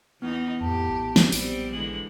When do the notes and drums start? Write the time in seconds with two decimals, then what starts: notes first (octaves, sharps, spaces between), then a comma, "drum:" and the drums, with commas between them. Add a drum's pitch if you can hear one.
0.22 E2 E3 B3 D#4
0.61 F2 A2 G4 A5
0.90 A#1
1.16 drum: snare
1.32 A#1 G3 C4 D7, drum: open hi-hat
1.73 D3 E3 G#3 F#7